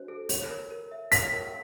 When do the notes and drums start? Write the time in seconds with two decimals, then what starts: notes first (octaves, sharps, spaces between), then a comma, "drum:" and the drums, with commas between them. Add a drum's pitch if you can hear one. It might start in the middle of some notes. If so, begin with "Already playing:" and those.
Already playing: D4 F#4 C5
0.08 A4
0.29 C#5, drum: open hi-hat
0.50 A#4
0.71 A#4
0.91 E5
1.12 C#5 B6, drum: open hi-hat
1.33 A#4